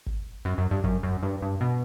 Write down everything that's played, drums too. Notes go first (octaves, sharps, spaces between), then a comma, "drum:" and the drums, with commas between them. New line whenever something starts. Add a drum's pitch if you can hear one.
drum: kick G1
F#2
F#2
G2
F#2, drum: kick G1
F#2
G2
G2
B2